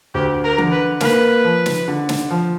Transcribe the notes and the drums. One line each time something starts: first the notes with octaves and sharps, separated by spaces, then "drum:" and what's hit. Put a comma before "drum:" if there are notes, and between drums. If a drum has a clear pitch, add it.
D2 G4
A#4
D3, drum: tom E3
B4
A#3 B4, drum: snare
F3
drum: snare
D3
drum: snare
F3